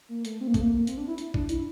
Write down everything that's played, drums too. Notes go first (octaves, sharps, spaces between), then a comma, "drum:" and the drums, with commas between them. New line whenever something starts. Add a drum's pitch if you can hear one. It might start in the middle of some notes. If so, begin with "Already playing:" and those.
A#3
A3, drum: hi-hat
C4
A#3
A3, drum: kick A1, hi-hat
A#3
C4, drum: hi-hat
D4
E4
E4, drum: hi-hat
D4, drum: kick A1
E4, drum: hi-hat